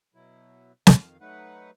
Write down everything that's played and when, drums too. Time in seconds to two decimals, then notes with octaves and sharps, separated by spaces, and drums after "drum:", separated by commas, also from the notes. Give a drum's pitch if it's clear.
0.14 B2 F#3 E4
0.87 F2 D#3 F5, drum: snare
1.21 F#3 A3 D#4 B4 F#5